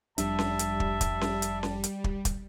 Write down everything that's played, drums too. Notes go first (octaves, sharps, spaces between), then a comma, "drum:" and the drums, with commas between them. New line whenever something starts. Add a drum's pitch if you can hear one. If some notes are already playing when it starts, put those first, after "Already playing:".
F1 F2 G3 D4 E5 A5, drum: hi-hat
drum: snare C#4
drum: hi-hat
drum: kick
drum: kick, hi-hat
drum: snare C#4
drum: hi-hat
drum: snare C#4
drum: hi-hat
drum: kick
drum: kick, hi-hat